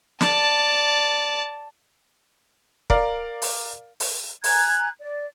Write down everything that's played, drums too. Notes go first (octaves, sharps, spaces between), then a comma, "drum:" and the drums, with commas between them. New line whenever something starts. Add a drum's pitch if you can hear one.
D5 A5, drum: snare
A#4 D5 F5, drum: kick
drum: open hi-hat
drum: open hi-hat
G#5 A#5 F#6 G#6, drum: open hi-hat
D5